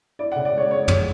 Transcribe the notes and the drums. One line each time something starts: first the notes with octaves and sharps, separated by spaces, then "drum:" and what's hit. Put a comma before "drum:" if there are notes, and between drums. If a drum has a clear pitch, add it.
E4 D5
F#5
C#3
D5
G#3 C#5
G#3 C#5
C#3, drum: tom